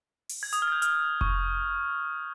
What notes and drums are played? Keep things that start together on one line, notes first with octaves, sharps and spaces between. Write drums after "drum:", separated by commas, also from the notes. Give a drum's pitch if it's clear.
drum: open hi-hat
G#6
D#6, drum: hi-hat
F6
G#6
G6
F6, drum: hi-hat
C#6, drum: kick F1